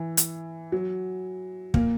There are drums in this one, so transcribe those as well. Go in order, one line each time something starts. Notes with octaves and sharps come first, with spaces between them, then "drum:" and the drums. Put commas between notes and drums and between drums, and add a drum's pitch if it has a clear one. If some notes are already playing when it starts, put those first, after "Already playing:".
Already playing: E3
drum: hi-hat
F#3
A#2 A#3, drum: kick